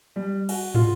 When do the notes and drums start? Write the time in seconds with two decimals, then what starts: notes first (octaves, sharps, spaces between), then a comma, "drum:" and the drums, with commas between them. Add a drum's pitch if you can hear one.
0.16 G3
0.49 F#4, drum: cymbal
0.75 F4, drum: tom